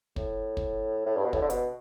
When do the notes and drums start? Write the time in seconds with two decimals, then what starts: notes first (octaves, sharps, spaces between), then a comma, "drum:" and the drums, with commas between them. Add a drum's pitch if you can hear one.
0.16 A2, drum: kick
0.57 drum: kick
1.06 A2
1.17 G2
1.24 B2
1.33 A2, drum: kick
1.42 D3
1.50 B2, drum: hi-hat